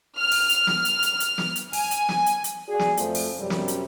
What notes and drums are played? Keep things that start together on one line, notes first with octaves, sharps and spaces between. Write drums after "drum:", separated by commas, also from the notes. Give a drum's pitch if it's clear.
F6
drum: open hi-hat
drum: hi-hat
drum: snare
drum: hi-hat
drum: hi-hat
drum: hi-hat
drum: snare
drum: hi-hat
G#5, drum: open hi-hat
drum: hi-hat
drum: snare
drum: hi-hat
drum: hi-hat
F#4 G#4 D5
drum: snare
F2 F3 A3, drum: hi-hat
drum: open hi-hat
F#2 C3 G3
drum: snare
drum: hi-hat